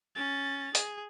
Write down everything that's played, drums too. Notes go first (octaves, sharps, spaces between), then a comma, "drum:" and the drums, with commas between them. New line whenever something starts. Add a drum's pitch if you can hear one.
C#4 A6
G#4, drum: hi-hat